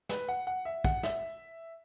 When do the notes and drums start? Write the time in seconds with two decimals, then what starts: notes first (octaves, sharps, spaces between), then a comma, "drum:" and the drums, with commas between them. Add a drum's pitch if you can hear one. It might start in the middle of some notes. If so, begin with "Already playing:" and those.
0.09 B4, drum: snare
0.28 F#5
0.47 F#5
0.65 E5
0.84 F#5, drum: kick
1.03 E5, drum: snare